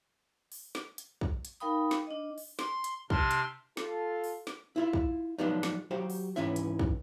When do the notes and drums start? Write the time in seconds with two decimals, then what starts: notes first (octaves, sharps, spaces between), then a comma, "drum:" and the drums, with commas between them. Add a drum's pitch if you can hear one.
0.52 drum: open hi-hat
0.75 drum: snare
0.98 drum: hi-hat
1.21 drum: kick
1.45 drum: hi-hat
1.60 D#4 A#4 F5 G5 B5 D#6
1.91 drum: snare
2.07 D4 D#5
2.38 drum: open hi-hat
2.59 C6, drum: snare
2.84 drum: hi-hat
3.10 C3 D4 C6 F6, drum: kick
3.31 drum: hi-hat
3.77 F4 A4, drum: snare
4.24 drum: open hi-hat
4.47 drum: snare
4.76 E4 F4 E5
4.93 drum: kick
5.38 F3 F#3 G#3 B3 D4 D#4
5.63 drum: snare
5.91 F#3 F#4 G4 C5 F5
6.10 drum: open hi-hat
6.36 C#2 G#2 E3 C#4 E4 E5
6.56 drum: hi-hat
6.79 drum: kick